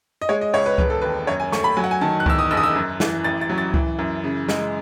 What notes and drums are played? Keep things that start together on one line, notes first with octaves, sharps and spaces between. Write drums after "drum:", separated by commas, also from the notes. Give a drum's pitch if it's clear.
D#5
G#3 C#5
D#5
C#2 C#5
B4
E1 B4, drum: kick C#2
A4
D#2 B4
F#2 C#5
G#5
A3 C#6, drum: snare
B5
F#3 G#5
F#5
G#5
D#3 A5
F#6
E2 E6, drum: kick C#2
D#6
F#1 E6
D#6
E6
F#2
E3, drum: snare
A1 A6
A6
F#3
A6
E3, drum: kick C#2
F#2
C#3
G#3, drum: snare